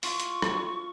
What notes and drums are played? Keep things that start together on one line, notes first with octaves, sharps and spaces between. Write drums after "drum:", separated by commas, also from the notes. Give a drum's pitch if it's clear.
F4 C#6, drum: open hi-hat
drum: hi-hat
drum: rim click